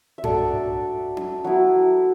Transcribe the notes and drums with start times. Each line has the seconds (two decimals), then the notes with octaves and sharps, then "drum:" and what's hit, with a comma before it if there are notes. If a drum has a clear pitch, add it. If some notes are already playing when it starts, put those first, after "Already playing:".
0.18 E5
0.24 F#3 D4 A4 D5, drum: tom G2
1.17 drum: tom C#4
1.44 F#3 B3 E4